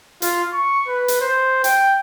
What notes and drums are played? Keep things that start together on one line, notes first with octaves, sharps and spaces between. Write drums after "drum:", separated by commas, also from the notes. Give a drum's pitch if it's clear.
F4, drum: hi-hat
C#6
B4
drum: hi-hat
C5
G5, drum: hi-hat